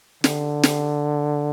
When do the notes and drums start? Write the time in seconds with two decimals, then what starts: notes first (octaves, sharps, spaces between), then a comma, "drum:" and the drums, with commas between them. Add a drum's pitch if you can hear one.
0.24 D3, drum: snare
0.63 drum: snare